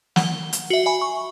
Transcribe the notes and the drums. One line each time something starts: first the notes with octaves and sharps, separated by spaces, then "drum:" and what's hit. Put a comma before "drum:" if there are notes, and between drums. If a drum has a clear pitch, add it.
F#5 G7, drum: snare
drum: hi-hat
F#4 E5
E5 G#5 B5
C#6